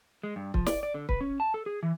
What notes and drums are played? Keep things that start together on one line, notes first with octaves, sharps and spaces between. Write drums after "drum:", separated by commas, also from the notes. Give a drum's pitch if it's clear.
G#3
G2
F3, drum: kick C#1
D5, drum: snare
D5
D3
B4, drum: kick C#1
C#4
A5
A4
G#4
E3